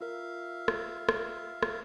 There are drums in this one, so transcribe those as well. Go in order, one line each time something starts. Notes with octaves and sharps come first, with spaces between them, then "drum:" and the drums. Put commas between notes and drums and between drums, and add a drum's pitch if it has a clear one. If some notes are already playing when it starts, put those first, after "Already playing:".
F4 A#4 E5 F5
drum: rim click
drum: rim click
drum: rim click